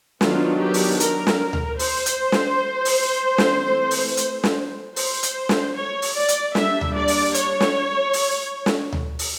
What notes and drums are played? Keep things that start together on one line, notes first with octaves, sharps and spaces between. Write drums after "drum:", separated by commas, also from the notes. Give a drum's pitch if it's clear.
D#3 F#3 B3 D4 F4, drum: snare
G4
drum: open hi-hat
A#4, drum: hi-hat
drum: snare
drum: tom D2
C5, drum: open hi-hat
drum: hi-hat
drum: snare
drum: open hi-hat
E3 A3 C4, drum: snare
drum: open hi-hat
drum: hi-hat
drum: snare
C5, drum: open hi-hat
drum: hi-hat
drum: snare
C#5
drum: open hi-hat
D5
drum: hi-hat
G3 A#3 D4 E5, drum: snare
drum: tom D2
D5
drum: open hi-hat
C#5, drum: hi-hat
drum: snare
drum: open hi-hat
drum: snare
drum: tom D2
drum: open hi-hat